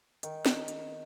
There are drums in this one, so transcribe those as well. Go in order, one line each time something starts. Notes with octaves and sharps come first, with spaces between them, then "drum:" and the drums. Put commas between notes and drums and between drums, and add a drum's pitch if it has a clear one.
D#3, drum: hi-hat
drum: snare
drum: hi-hat